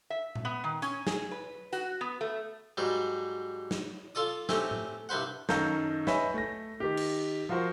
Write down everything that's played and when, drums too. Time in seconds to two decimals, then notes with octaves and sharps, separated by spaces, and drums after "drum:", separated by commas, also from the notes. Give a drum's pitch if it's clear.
0.10 E5
0.35 drum: tom A#2
0.45 B3
0.64 D#3
0.82 C#4, drum: hi-hat
1.07 G#4, drum: snare
1.31 B4
1.73 F#4, drum: hi-hat
2.01 B3
2.21 A3
2.77 G#2 F#3 G3
3.71 drum: snare
4.15 F4 A4 D5 D#6
4.49 A3 C4 C#4 G4, drum: snare
4.71 drum: tom A2
5.09 C2 G2 B4 C5 F#5
5.49 F#2 D#3 A4 F5 A#5 G6, drum: snare
6.07 B4 C#5 D#5 E5 G#5 B5, drum: snare
6.34 A3 A#6
6.80 D#3 G4
6.97 drum: cymbal
7.49 F3 F4 F#4 A#4 C5